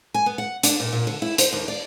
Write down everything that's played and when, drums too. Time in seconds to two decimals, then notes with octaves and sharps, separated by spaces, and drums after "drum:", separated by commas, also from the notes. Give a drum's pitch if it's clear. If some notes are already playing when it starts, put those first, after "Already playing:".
0.14 G#5
0.26 B3
0.38 F#5
0.63 D4, drum: hi-hat
0.80 A#2
0.93 A#2
1.07 D3
1.22 E4
1.38 C5, drum: hi-hat
1.52 D#2
1.68 D5